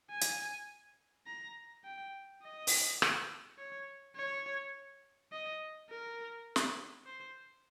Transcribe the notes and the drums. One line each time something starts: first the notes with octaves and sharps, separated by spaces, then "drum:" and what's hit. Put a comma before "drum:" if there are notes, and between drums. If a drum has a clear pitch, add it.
G#5
drum: hi-hat
A#5
G5
D#5
drum: open hi-hat
drum: rim click
C#5
C#5
D#5
A#4
drum: snare
C5